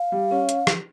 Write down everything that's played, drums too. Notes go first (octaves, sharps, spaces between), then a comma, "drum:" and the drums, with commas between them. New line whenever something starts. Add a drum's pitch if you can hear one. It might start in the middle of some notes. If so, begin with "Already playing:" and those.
Already playing: F5
G3
C#4
drum: hi-hat
drum: rim click